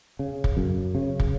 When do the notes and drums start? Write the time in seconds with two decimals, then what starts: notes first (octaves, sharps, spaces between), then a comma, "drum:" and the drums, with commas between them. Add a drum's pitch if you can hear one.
0.19 C#3
0.44 drum: kick
0.57 F#2
0.95 C#3
1.20 drum: kick